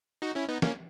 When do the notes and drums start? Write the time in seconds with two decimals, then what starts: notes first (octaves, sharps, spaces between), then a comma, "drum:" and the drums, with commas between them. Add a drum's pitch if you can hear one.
0.22 D#4 F#4
0.35 C#4 E4
0.48 B3 D#4
0.62 A#3 C#4, drum: snare